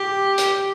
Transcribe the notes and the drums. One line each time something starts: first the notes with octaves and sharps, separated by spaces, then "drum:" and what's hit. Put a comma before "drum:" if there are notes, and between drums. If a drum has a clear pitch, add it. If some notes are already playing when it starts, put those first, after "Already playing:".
Already playing: G4
drum: hi-hat